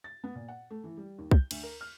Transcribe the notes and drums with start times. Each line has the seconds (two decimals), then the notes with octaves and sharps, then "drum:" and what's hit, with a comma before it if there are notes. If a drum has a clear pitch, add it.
0.04 A6
0.24 B3
0.35 A#2
0.48 F#5
0.71 A3
0.84 E3
0.97 G3
1.19 D#2
1.31 G6, drum: kick
1.51 D2, drum: cymbal
1.63 A#4
1.81 F6